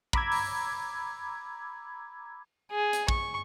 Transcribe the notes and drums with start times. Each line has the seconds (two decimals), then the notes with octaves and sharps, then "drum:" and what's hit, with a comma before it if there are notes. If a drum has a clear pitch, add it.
0.13 A#5 B5 D6 E6 G#6, drum: kick
0.32 drum: open hi-hat
2.71 G#4
2.93 drum: hi-hat
3.08 C#6, drum: kick